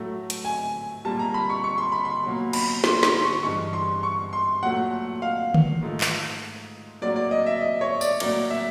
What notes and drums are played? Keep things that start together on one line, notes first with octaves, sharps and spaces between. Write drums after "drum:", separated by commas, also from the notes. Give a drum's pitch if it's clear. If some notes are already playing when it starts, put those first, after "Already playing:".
Already playing: A2 F#3 A3
drum: hi-hat
G#5
A#2 G3 A#3 A5
A#5
B5
C#6
C#6
C6
B5
C6
B2 F#3 A#3
B5, drum: cymbal
C6, drum: snare
C6, drum: snare
C#6
G2 E3 G#3 C#6
C6
C#6
C6
A#2 F#3 A3 F#5
F5
drum: tom D3
G#2 F3 A3
drum: clap
A2 F#3 A#3 D5
D5
D#5
E5
D#5
C#5
D5, drum: tambourine
A2 F#3 A#3 D5, drum: cymbal
E5